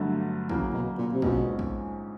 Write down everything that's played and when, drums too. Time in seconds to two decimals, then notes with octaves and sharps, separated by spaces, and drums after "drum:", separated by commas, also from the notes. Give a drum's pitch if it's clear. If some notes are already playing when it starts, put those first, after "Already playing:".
Already playing: G1 G2 D3 F#3 A3
0.49 C#3 E3 F#3 A#3, drum: kick
0.74 B2
0.98 A#2
1.13 C3
1.22 A#1 G#2 B2 F3 G#3 C#4, drum: kick
1.59 drum: kick